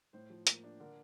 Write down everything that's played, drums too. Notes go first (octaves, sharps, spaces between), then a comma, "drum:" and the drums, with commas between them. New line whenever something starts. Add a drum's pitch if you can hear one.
A2 C5
F3
A#3, drum: hi-hat
D4
D3 A#4